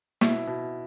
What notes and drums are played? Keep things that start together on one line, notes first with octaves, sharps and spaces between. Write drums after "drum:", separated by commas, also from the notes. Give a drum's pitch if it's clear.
B2 E4, drum: snare
B2